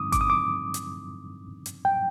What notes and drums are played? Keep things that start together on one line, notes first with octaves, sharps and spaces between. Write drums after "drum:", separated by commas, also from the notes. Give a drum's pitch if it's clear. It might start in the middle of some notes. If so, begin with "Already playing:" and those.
Already playing: G2 D3 G3 C4 D#4 D6 D#6
D6, drum: kick G#1, hi-hat
D#6
D6
drum: hi-hat
drum: hi-hat
G5